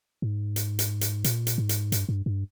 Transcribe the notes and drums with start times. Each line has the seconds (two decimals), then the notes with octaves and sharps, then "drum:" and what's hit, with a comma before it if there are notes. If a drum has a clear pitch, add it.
0.22 G#2
0.56 drum: hi-hat
0.79 drum: hi-hat
1.01 drum: hi-hat
1.24 A#2, drum: hi-hat
1.47 drum: hi-hat
1.58 G#2
1.69 drum: hi-hat
1.92 G2, drum: hi-hat
2.09 G2
2.26 G2